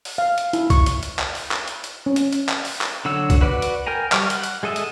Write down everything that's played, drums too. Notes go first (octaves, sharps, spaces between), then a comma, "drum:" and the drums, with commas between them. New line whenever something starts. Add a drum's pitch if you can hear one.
drum: open hi-hat
F5
drum: hi-hat
E4, drum: hi-hat
C#6, drum: kick C2, hi-hat
drum: hi-hat
drum: hi-hat
drum: clap
drum: open hi-hat
drum: clap
drum: hi-hat
drum: hi-hat
C#4
drum: hi-hat
drum: hi-hat
drum: clap
drum: open hi-hat
drum: clap
D3 F#3 F#4 E6
drum: kick C2, hi-hat
F#4 B4 D5 F#5
drum: hi-hat
A#4 G5 G#5 A#5
G3 C#6 D6 F6, drum: clap
F#5, drum: hi-hat
drum: hi-hat
G#3 A4 D#5 E5
drum: hi-hat